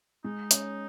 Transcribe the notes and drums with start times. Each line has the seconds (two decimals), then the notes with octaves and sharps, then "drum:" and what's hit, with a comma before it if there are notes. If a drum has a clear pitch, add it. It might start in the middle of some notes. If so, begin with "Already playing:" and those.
0.24 G#3 D#4
0.51 C#4, drum: hi-hat